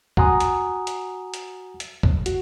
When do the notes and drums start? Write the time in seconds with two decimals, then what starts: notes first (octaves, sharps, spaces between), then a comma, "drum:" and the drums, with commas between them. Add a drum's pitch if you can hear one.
0.17 F#4 F#5 G#5 A#5 C6 D#6, drum: kick
0.40 drum: hi-hat
0.87 drum: hi-hat
1.34 drum: hi-hat
1.80 drum: hi-hat
2.03 drum: kick
2.26 F#4, drum: hi-hat